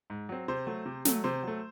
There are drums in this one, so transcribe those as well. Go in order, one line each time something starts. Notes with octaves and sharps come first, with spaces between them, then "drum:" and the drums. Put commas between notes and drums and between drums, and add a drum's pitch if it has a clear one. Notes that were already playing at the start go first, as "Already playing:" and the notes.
G#2
F#3 C4
C3 C5
F#3 A3
C3
F#3 A3, drum: snare
C3 C5
F#3 A3